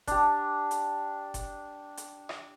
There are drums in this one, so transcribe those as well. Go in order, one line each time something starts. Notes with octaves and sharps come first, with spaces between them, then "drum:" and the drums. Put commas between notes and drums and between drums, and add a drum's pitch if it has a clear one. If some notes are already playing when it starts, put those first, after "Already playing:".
D4 G4, drum: kick F#1, hi-hat
drum: hi-hat
drum: kick F#1, hi-hat
drum: hi-hat
drum: rim click